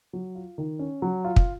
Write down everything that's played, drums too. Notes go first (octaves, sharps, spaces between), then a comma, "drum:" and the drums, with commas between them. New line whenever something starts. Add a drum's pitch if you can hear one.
F#3
F4
D#3
C#4
F#3
F4
drum: kick